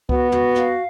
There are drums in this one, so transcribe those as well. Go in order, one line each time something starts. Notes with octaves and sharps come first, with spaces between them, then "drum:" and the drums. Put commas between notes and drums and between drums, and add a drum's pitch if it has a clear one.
B3 F#4, drum: kick C#2
F#4, drum: tom
F5, drum: rim click